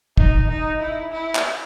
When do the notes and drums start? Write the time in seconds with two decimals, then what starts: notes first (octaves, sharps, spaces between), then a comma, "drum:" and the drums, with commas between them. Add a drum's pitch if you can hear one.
0.17 D#4, drum: kick
0.49 D#4
0.81 E4
1.12 E4
1.35 drum: clap